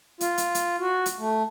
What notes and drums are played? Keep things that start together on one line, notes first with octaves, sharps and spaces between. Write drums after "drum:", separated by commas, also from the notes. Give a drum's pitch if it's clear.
F4, drum: hi-hat
drum: hi-hat
drum: hi-hat
F#4
drum: hi-hat
A3